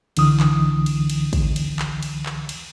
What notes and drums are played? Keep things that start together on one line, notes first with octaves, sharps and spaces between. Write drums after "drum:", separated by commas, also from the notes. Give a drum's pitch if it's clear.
C2 D3 E3 D#6, drum: cymbal
drum: clap
drum: cymbal
drum: cymbal
drum: kick, cymbal
drum: cymbal
drum: clap
drum: cymbal
drum: clap
drum: cymbal